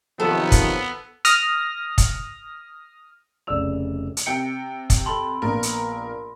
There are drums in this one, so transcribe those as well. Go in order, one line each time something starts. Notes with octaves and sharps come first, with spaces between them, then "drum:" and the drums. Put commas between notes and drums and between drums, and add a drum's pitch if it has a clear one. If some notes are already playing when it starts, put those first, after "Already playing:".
F#2 C3 D#3 F3 B3 A4
drum: kick, hi-hat
D#6 F6 A#6, drum: hi-hat
drum: kick, hi-hat
F1 C#3 D5 E6 F7
drum: hi-hat
C3 G5 C#7
drum: kick, hi-hat
A4 A5 B5 C6
A#1 A#2 B3 A#4
drum: hi-hat